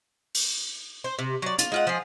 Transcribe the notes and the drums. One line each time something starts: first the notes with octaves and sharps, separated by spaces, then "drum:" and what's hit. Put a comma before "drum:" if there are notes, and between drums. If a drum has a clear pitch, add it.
drum: open hi-hat
C5
C3
F#3 D5
F4, drum: hi-hat
G#3 F4 F#5
F3 G#4